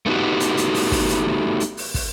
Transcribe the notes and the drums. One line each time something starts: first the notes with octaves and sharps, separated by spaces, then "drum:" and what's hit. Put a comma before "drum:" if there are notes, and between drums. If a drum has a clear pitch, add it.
A3 B3 D#4 F#4 G4
drum: hi-hat
drum: hi-hat
drum: open hi-hat
drum: kick, open hi-hat
drum: hi-hat
drum: hi-hat
drum: open hi-hat
drum: kick, open hi-hat